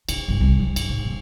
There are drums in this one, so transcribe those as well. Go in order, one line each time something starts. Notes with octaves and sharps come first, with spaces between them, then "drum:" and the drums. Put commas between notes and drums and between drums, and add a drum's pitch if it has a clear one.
D#3, drum: cymbal
G1
C2
F#3
G2, drum: cymbal
G#2
D#1